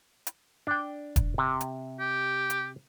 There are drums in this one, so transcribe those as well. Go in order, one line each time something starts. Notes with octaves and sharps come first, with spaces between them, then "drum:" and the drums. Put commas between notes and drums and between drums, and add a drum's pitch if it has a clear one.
drum: hi-hat
D4 G5
drum: kick E1, hi-hat
C3
drum: hi-hat
G4
drum: hi-hat